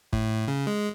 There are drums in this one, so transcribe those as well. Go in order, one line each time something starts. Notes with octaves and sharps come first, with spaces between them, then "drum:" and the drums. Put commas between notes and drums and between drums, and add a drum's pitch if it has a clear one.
A2, drum: kick
C#3
G#3